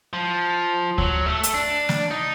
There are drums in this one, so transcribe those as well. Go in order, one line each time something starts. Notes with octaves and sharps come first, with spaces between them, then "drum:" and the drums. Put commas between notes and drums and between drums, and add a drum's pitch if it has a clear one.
F3
F#3, drum: kick D2
A3
drum: hi-hat
D4
drum: snare
D#4